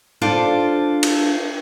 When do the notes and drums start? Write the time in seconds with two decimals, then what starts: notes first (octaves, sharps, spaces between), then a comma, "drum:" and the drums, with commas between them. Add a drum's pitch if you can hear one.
0.22 D4 F4 A4 C5 D5
1.03 drum: cymbal